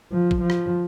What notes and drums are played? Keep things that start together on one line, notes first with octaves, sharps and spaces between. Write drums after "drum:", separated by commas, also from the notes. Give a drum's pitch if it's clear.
F3
drum: kick
F3
drum: rim click